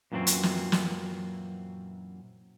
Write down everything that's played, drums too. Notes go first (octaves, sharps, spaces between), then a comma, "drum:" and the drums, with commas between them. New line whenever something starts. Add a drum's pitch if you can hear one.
F#2 A#2 E3 F#3 C4
drum: hi-hat
drum: snare
drum: snare